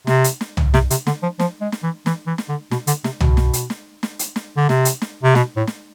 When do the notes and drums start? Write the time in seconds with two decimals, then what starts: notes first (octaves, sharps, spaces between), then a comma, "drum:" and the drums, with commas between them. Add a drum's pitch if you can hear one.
0.07 C3, drum: snare
0.24 drum: hi-hat
0.41 drum: snare
0.57 drum: tom C2
0.74 C3, drum: snare
0.90 C3, drum: hi-hat
1.07 D3, drum: snare
1.23 F3
1.39 F3, drum: snare
1.61 G#3
1.72 drum: snare
1.83 E3
2.06 E3, drum: snare
2.27 E3
2.38 drum: snare
2.49 D3
2.71 B2, drum: snare
2.87 D3, drum: hi-hat
3.04 C3, drum: snare
3.21 B2, drum: tom C2
3.37 drum: snare
3.53 drum: hi-hat
3.70 drum: snare
4.03 drum: snare
4.19 drum: hi-hat
4.36 drum: snare
4.57 D3
4.69 C3, drum: snare
4.85 drum: hi-hat
5.02 drum: snare
5.23 C3
5.35 B2, drum: snare
5.57 A2
5.67 drum: snare